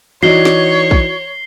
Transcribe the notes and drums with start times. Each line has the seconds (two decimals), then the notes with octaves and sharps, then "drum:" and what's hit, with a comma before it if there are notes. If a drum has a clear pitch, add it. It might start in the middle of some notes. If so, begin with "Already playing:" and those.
0.23 E3 D#4 F#4 C#5 D5 C7 G7
0.45 drum: snare
0.91 drum: kick A#1